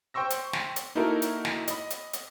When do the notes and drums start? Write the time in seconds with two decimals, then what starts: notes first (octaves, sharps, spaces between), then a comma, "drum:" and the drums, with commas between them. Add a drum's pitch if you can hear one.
0.14 C5 G5 C6 C#6 E6 A#6
0.30 drum: hi-hat
0.53 drum: snare
0.76 drum: hi-hat
0.95 A#3 D#4 E4 F#4 A4 A#4
1.22 drum: hi-hat
1.45 drum: snare
1.68 D#5 B5, drum: hi-hat
1.90 drum: hi-hat
2.13 drum: hi-hat